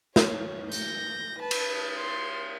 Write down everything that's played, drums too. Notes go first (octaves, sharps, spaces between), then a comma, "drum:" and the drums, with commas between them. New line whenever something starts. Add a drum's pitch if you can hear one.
C#5, drum: snare
G6 A#6, drum: tambourine
B4 A5
drum: cymbal
C6